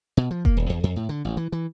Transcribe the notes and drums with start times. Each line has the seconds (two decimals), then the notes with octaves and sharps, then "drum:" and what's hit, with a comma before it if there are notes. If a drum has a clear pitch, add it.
0.17 B2
0.31 F3
0.45 A#3, drum: kick F1
0.57 D#1
0.69 E2
0.83 F2
0.96 A2
1.09 D3
1.25 A1
1.37 E3
1.52 E3